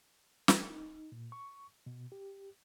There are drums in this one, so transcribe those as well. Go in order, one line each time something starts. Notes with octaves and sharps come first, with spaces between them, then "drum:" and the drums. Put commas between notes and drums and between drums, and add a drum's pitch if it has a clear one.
drum: snare
D#4
A#2
C#6
B2
G4